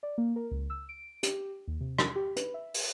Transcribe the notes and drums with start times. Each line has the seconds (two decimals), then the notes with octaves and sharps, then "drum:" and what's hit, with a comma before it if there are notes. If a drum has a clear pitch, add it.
0.03 D5
0.18 A#3
0.36 A#4
0.51 C#2
0.70 E6
0.89 D7
1.23 G4, drum: hi-hat
1.68 D#2
1.81 C3
1.99 drum: rim click
2.16 G4
2.36 B4, drum: hi-hat
2.54 E5
2.74 drum: open hi-hat